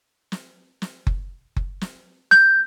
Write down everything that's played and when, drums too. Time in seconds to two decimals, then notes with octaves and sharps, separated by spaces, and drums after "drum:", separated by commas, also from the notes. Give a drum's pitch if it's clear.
0.32 drum: snare
0.82 drum: snare
1.07 drum: kick F#1
1.56 drum: kick F#1
1.81 drum: snare
2.31 G6, drum: snare